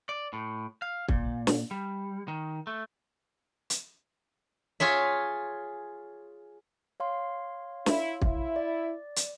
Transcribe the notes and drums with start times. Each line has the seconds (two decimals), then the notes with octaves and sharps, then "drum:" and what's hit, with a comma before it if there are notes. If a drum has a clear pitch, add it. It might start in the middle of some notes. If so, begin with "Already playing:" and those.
0.09 D5
0.33 A2
0.82 F5
1.08 A#2, drum: kick
1.47 drum: snare
1.71 G3
2.28 D#3
2.67 A3
3.70 drum: hi-hat
4.80 F4 G#4 C#5 E5
7.00 C#5 F5 C6
7.86 E4, drum: snare
8.22 E4, drum: kick
8.56 D5
9.16 drum: hi-hat